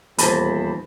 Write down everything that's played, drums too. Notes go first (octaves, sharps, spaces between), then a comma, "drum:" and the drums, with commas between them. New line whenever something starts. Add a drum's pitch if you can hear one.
D#1 E2 C5 A5 B5, drum: hi-hat